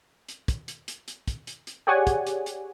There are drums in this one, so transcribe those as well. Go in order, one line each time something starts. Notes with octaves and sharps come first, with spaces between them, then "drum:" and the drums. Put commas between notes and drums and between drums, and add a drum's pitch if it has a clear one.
drum: hi-hat
drum: kick, hi-hat
drum: hi-hat
drum: hi-hat
drum: hi-hat
drum: kick, hi-hat
drum: hi-hat
drum: hi-hat
G4 G#4 C#5 D5 F#5 G#5
drum: kick, hi-hat
drum: hi-hat
drum: hi-hat